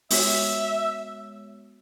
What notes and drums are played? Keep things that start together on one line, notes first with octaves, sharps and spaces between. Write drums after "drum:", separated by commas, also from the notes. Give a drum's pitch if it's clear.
G#3 B3 F#4 C#5 E5, drum: open hi-hat